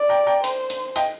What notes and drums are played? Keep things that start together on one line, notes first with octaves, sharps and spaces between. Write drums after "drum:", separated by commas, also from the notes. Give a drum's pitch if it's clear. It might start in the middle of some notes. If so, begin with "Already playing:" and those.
Already playing: D5
G5 A#5
G5 A#5
C5, drum: hi-hat
drum: hi-hat
D#5 G5, drum: hi-hat